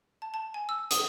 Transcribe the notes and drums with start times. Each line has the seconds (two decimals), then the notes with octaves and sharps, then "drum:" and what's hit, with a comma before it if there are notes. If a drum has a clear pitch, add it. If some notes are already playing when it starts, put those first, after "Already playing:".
0.22 A5
0.34 A5
0.54 G#5
0.69 E6
0.91 D#6, drum: hi-hat